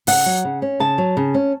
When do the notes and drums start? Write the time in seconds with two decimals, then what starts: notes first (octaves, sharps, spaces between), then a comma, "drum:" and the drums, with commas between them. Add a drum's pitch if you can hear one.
0.07 C#3 F#5, drum: open hi-hat
0.26 F#3
0.45 C#3
0.62 C#4
0.80 C#3 A5
0.98 F#3
1.17 C#3
1.35 C#4